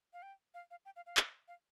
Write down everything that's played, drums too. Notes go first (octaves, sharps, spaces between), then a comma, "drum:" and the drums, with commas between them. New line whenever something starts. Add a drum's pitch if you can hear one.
F5
G5
F5
F5
G5
F5
F5
drum: clap
F5